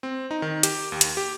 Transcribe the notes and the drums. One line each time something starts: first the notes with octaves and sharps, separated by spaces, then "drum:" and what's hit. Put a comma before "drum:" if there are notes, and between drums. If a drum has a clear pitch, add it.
C4
D#4
D#3
G4, drum: hi-hat
D#2
drum: hi-hat
G4